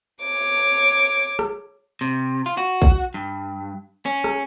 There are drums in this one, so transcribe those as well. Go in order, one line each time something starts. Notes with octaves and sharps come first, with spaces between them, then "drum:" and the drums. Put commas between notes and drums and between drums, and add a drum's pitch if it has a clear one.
C#5 D6
drum: rim click
C3
F4
F#4
drum: kick
G2
C#4
drum: rim click